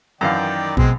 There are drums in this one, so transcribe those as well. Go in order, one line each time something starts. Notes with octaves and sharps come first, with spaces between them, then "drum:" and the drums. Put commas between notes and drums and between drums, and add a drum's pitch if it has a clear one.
F#2 D#3 E3 D5 F5 G5
B2 G#3 C4, drum: kick